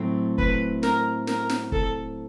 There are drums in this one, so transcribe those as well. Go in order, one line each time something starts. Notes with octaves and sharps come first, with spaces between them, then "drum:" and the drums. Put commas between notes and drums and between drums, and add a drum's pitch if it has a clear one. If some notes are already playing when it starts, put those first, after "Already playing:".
Already playing: A2 F#3 A3 C4
B4, drum: kick
A#4, drum: snare
A#4, drum: snare
drum: snare
A4, drum: kick